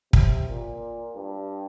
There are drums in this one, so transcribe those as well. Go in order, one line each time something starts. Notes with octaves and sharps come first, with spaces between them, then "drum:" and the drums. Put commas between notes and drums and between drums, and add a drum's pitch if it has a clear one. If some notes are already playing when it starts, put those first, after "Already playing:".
C3, drum: kick
A#2
G2